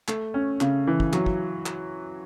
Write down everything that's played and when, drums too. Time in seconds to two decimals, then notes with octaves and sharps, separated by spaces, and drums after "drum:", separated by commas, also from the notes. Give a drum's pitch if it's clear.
0.08 A3, drum: clap
0.34 C#4
0.61 C#3, drum: clap
0.87 E3
1.00 drum: kick
1.13 F#3, drum: clap
1.26 drum: kick
1.66 drum: clap